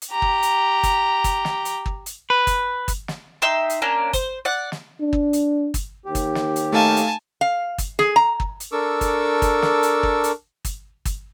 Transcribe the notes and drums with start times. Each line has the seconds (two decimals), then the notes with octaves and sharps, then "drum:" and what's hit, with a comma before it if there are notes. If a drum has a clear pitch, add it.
0.02 drum: hi-hat
0.12 G4 A#5
0.22 drum: kick
0.42 drum: hi-hat
0.83 drum: kick, hi-hat
1.24 drum: kick, hi-hat
1.45 drum: snare
1.65 drum: hi-hat
1.86 drum: kick
2.06 drum: hi-hat
2.30 B4
2.47 drum: kick, hi-hat
2.88 drum: kick, hi-hat
3.08 drum: snare
3.42 D#4 E5 G5 C6
3.70 drum: hi-hat
3.82 A#3 C#4 D4
4.13 C5, drum: kick, hi-hat
4.45 D5 F#5
4.72 drum: snare
5.00 D4
5.13 drum: kick
5.33 drum: hi-hat
5.74 drum: kick, hi-hat
6.05 D#2 G4
6.15 drum: kick, hi-hat
6.35 drum: snare
6.56 drum: hi-hat
6.73 A3 D#4 F5 G#5 A5
6.97 drum: hi-hat
7.41 F5
7.78 drum: kick, hi-hat
7.99 G#4, drum: snare
8.16 A#5
8.40 drum: kick
8.60 drum: hi-hat
8.72 D4 A4 A#4 C#6 D6 E6
9.01 drum: kick, hi-hat
9.42 drum: kick, hi-hat
9.62 drum: snare
9.83 drum: hi-hat
10.03 drum: kick
10.24 drum: hi-hat
10.65 drum: kick, hi-hat
11.05 drum: kick, hi-hat